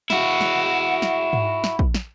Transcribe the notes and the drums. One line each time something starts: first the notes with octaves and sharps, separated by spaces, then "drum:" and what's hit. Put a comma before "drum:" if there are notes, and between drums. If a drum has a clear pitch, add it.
E4 F#4, drum: snare
drum: snare
drum: snare
drum: tom G#2
drum: snare
drum: kick
drum: snare